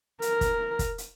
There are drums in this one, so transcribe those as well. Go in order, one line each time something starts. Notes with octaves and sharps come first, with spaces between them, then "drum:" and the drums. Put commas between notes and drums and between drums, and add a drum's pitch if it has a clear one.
A#4, drum: hi-hat
drum: kick, hi-hat
drum: kick, hi-hat
drum: hi-hat